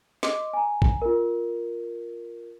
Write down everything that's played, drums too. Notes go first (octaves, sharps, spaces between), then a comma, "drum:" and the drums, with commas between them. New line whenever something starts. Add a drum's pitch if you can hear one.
D#5 C6 D6, drum: snare
G#5 A#5
drum: kick A1
F4 A#4